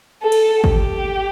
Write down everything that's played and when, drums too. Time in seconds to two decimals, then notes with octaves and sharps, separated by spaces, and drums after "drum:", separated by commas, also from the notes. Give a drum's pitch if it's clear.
0.22 A4
0.32 drum: cymbal
0.64 G4, drum: kick G#1